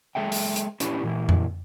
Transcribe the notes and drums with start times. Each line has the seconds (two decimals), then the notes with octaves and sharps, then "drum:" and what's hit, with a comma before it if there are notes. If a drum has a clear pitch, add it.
0.15 G#3 G#4 A4 E5 G5
0.32 drum: open hi-hat
0.56 drum: hi-hat
0.80 C#4 D4 E4 G4 B4, drum: hi-hat
1.03 A#2 E3 E4
1.29 drum: tom F2